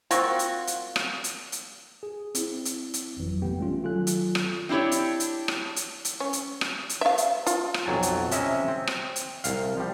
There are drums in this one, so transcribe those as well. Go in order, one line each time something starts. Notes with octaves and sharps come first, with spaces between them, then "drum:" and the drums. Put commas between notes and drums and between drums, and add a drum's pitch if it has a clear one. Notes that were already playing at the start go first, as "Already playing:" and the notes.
A#3 C4 F4 F#4, drum: hi-hat
drum: hi-hat
drum: hi-hat
drum: rim click
drum: hi-hat
drum: hi-hat
G#4
C4 E4, drum: hi-hat
drum: hi-hat
drum: hi-hat
G#1 F2 E3 F#3
G#1 C3 A3 B3 G4 G5
G3 A3 C#4 F4
D#3 F#3 F4 A4 G#5 F#6
drum: hi-hat
drum: rim click
C4 D4 E4 G4 C#5
drum: hi-hat
drum: hi-hat
drum: rim click
drum: hi-hat
drum: hi-hat
C#4
drum: hi-hat
drum: rim click
drum: hi-hat
E5 F5
drum: hi-hat
F4, drum: hi-hat
drum: rim click
B1 F2 F#3 G#5 A5
drum: hi-hat
C3 C#4 E4 D#5 E5, drum: hi-hat
C4
drum: rim click
drum: hi-hat
C2 F5, drum: hi-hat
F3 G3